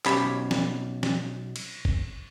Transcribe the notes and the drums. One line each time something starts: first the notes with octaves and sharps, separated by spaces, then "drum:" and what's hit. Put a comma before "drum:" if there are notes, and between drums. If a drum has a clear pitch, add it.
B1 C#4 G4 C5 B5, drum: clap
drum: snare
drum: snare
drum: cymbal
drum: kick